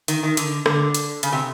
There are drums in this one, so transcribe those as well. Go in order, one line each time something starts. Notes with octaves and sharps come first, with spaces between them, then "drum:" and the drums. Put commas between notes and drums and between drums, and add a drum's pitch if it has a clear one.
D#3, drum: hi-hat
D#3
D3, drum: hi-hat
D3, drum: rim click
drum: hi-hat
C#3, drum: hi-hat
C3